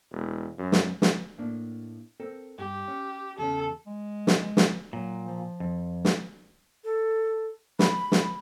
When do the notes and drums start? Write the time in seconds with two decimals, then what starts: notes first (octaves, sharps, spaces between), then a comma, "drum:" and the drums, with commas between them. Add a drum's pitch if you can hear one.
0.12 E1
0.58 F#2
0.72 drum: snare
1.02 drum: snare
1.38 A2 A#3 D4
2.20 C4 A4 A#4
2.58 G2 G4
2.88 C#4
3.38 E2 C#3 C#4 A4
3.87 G#3
4.27 drum: snare
4.57 drum: snare
4.93 A#2 F#3
5.26 F3
5.60 F2
6.05 drum: snare
6.84 A4
7.79 B5, drum: snare
8.12 drum: snare